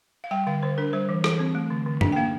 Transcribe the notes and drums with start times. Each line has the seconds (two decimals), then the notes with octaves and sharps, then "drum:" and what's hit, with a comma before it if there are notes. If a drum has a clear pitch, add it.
0.24 F5
0.31 G3 G5
0.47 D3 F5
0.63 D3 C5
0.78 D4 A#4
0.93 G3 C5
1.09 E3
1.24 E3, drum: rim click
1.39 C4
1.55 A3
1.70 D3
1.86 D3
2.01 D4, drum: tom G2
2.12 G5
2.16 A#3 F5